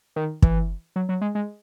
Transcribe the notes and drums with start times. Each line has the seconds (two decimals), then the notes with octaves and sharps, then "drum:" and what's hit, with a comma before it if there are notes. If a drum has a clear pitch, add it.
0.16 D#3
0.42 E3, drum: kick
0.96 F#3
1.09 F#3
1.21 G#3
1.35 G#3